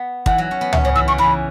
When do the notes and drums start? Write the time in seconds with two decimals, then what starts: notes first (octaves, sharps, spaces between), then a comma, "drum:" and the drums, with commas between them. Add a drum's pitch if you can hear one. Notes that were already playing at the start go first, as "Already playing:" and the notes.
Already playing: B3
0.26 E3 F#5, drum: kick
0.38 F#3
0.51 C#4
0.61 B3
0.73 C#4 E5, drum: tom C#2
0.84 C#3 C#5
0.95 E3 E6
1.07 C#3 C#6
1.18 E3 B5